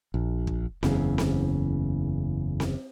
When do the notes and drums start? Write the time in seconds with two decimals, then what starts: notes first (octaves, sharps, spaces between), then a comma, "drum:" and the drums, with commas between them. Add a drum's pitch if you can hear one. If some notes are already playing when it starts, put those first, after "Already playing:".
0.14 A#1
0.47 drum: kick
0.83 F#1 E2 C#3, drum: snare C4
1.18 drum: snare C4
2.60 drum: snare C4